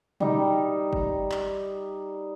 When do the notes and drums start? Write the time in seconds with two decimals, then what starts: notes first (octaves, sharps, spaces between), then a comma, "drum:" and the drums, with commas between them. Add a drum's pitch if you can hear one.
0.20 G3 D#4 G5, drum: tom
0.93 drum: kick G1
1.31 drum: clap